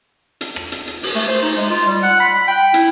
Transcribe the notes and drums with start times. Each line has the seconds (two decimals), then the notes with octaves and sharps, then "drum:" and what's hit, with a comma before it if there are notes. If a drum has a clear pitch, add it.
0.41 drum: hi-hat
0.56 drum: rim click
0.72 drum: hi-hat
0.87 drum: hi-hat
1.03 drum: open hi-hat
1.15 A3
1.28 C5
1.42 D#4
1.57 G#3
1.70 F4
1.87 G3
2.03 F#5
2.20 B5
2.34 B5
2.48 G5
2.74 E4, drum: hi-hat